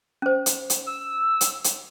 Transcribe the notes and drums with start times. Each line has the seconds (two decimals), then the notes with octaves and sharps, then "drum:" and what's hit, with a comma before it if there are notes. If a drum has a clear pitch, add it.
0.22 C#4 C5
0.46 drum: hi-hat
0.70 drum: hi-hat
0.86 E6
1.41 drum: hi-hat
1.64 drum: hi-hat